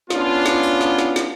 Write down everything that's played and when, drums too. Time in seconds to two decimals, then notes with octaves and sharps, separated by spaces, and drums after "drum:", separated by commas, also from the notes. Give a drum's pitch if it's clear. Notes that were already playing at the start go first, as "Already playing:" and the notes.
0.10 B3 C#4 D4 F4, drum: snare
0.46 drum: snare
0.63 drum: tambourine
0.81 drum: snare
0.98 drum: snare
1.16 drum: snare